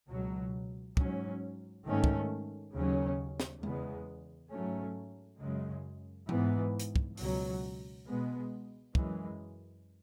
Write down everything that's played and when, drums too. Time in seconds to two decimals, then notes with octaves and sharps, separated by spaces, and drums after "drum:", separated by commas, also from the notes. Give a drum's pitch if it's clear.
0.09 C#2 B2 F#3
0.97 G#2 F#3 C#4, drum: kick
1.86 G#2 D#3 A3 C#4
2.04 drum: kick
2.75 D#2 C#3 F#3 C#4
3.40 drum: snare
3.63 E2 C#3 G#3 B3, drum: tom G#3
4.52 G#2 F#3 A3 C#4
5.40 F#2 C#3 G#3
6.29 G#2 E3 B3, drum: tom E3
6.79 drum: hi-hat
6.96 drum: kick
7.17 C#2 B2 F#3, drum: open hi-hat
8.06 B2 G#3 B3
8.95 F#2 E3 G#3, drum: kick